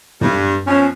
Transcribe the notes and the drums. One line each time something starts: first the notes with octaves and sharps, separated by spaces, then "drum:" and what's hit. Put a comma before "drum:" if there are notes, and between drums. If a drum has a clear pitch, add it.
G2, drum: tom
B2 F3 C#4